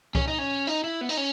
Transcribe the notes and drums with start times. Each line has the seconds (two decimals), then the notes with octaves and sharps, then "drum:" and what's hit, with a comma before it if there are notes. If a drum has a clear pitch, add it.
0.15 C#4, drum: kick C2
0.27 D#4
0.38 C#4
0.67 D#4
0.84 E4
1.01 B3
1.09 D#4
1.17 C#4